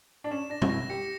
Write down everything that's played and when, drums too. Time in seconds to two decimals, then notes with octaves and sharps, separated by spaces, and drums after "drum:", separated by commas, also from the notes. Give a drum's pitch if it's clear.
0.24 D4
0.31 C#4 E7
0.50 D4 A#6
0.62 F#4, drum: tom
0.69 E4 A#6
0.89 G4 C#7